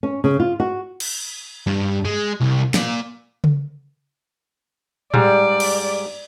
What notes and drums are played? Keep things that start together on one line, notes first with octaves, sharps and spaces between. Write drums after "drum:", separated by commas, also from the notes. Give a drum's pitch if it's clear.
C#4
C#3
F4
F#4
drum: cymbal
G2
G#3
C2
A#2 D5, drum: snare
drum: tom C#3
G#2 G3 D5, drum: tom A2
drum: cymbal